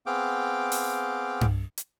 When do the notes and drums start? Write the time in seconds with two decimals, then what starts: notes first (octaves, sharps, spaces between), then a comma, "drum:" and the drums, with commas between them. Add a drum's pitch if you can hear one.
0.06 B3 C4 G#4 F5 G5 D6
0.72 drum: open hi-hat
1.41 drum: tom G2
1.78 drum: hi-hat